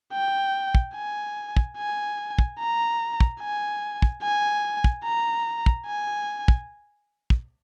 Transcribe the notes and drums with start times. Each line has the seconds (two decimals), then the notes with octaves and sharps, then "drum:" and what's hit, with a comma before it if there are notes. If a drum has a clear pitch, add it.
0.13 G5
0.75 drum: kick
0.95 G#5
1.57 drum: kick
1.77 G#5
2.38 drum: kick
2.59 A#5
3.20 drum: kick
3.41 G#5
4.02 drum: kick
4.23 G#5
4.84 drum: kick
5.05 A#5
5.66 drum: kick
5.86 G#5
6.48 drum: kick
7.30 drum: kick